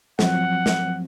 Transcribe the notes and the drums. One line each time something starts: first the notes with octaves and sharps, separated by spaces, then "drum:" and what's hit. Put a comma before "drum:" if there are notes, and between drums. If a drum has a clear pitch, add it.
F3 F#3 C4 F#5, drum: snare
drum: snare